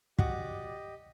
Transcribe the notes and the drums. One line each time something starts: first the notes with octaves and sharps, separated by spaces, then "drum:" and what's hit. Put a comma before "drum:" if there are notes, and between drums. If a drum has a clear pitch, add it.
F#4 G4 D5 D#5, drum: kick